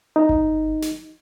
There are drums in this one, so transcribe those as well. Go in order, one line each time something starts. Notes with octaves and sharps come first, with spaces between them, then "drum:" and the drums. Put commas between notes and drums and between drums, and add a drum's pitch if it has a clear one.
D#4
drum: kick G1
drum: snare